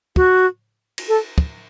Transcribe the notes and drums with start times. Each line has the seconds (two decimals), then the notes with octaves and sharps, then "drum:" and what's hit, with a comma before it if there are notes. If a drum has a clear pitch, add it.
0.16 F#4, drum: kick
0.98 drum: cymbal
1.08 A4
1.38 drum: kick